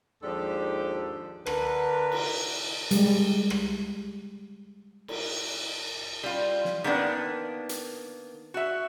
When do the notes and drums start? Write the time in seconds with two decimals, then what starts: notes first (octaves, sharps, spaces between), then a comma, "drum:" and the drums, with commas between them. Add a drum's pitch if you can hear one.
0.22 D#2 G#2 F3 D4 G4 A4
1.46 D3 A#4 B4, drum: rim click
2.12 drum: cymbal
2.91 G3 G#3, drum: hi-hat
3.50 drum: rim click
5.08 drum: cymbal
6.23 G3 F4
6.65 drum: snare
6.84 D#3 A#3 B3 D4
7.69 drum: hi-hat
8.54 F#4 E5